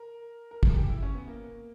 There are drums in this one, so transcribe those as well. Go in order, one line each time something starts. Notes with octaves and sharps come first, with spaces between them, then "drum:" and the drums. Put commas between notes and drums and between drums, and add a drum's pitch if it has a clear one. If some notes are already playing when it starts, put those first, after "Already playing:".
Already playing: A#4
A#4
G#4, drum: kick
G4
E4
C#4
B3
A#3